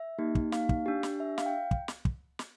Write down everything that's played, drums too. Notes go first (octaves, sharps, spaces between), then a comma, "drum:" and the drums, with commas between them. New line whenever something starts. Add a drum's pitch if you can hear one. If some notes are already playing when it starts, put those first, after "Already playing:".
Already playing: E5
A#3 D#4 G4
drum: kick
F5, drum: snare
drum: kick
D4 G4
drum: snare
E5
F5, drum: snare
G5
drum: kick
drum: snare
drum: kick
drum: snare